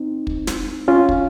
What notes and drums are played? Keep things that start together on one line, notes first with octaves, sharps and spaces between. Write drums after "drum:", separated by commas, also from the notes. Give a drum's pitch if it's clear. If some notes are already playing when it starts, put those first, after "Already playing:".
Already playing: C4 D#4
drum: kick
drum: snare
C#4 F4
drum: kick